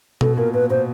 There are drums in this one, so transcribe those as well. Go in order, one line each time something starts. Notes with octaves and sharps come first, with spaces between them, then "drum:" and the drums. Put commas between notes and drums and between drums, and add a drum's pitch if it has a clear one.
B2 A4, drum: tom B2
A#2 A#4
A#2 B4
B2 C5